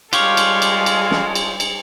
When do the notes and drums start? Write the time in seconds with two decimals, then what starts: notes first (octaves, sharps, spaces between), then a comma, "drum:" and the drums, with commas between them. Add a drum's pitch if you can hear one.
0.13 G3 G#3 F4 G4 A4 C#5 F5, drum: cymbal
0.37 drum: cymbal
0.62 drum: cymbal
0.86 drum: cymbal
1.11 drum: snare
1.35 drum: cymbal
1.60 drum: cymbal